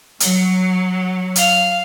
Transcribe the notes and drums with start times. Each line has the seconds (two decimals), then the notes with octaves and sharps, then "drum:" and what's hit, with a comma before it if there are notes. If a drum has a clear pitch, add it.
0.20 F#3, drum: hi-hat
1.36 F5, drum: hi-hat